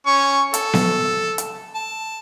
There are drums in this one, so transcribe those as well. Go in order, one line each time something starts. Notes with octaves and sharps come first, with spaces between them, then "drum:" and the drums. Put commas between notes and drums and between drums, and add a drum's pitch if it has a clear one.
C#4 C#6
A4, drum: hi-hat
drum: snare B3
drum: hi-hat
A5